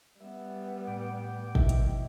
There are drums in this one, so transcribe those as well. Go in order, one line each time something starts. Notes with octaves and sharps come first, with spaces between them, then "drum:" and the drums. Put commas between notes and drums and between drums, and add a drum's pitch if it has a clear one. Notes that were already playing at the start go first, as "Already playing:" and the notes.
G3 B3 E5
A2 G5 D6
B2 D#3 E4, drum: kick
drum: hi-hat